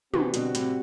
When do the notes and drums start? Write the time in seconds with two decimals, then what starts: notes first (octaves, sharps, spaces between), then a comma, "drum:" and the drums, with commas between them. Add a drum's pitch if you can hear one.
0.14 C3 E3 G3 C4 F#4, drum: tom
0.34 B2 D3, drum: hi-hat
0.55 A2 C3, drum: hi-hat